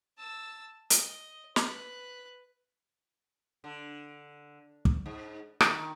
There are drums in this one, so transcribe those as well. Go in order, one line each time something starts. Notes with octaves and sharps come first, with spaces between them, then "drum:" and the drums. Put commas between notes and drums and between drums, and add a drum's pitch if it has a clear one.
A5 E6
D#5, drum: hi-hat
B4 F#6, drum: snare
D3
drum: kick
G#2
D#3, drum: rim click